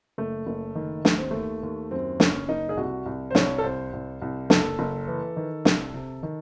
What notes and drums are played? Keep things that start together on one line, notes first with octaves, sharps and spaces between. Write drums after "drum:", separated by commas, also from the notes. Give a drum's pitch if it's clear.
F#1 A3
F#1
D#3
D#2 A3, drum: snare
C4
D#2 A3
D#2
F#2 C4
F#1 C#4, drum: snare
F#1 D#4
G#4
C2 F#4
C2
C5
C2 C#5, drum: snare
A4
C2 C5
C2
C2
F#1 A4, drum: snare
F#1
E3
D#3
C2, drum: snare
C3
D#3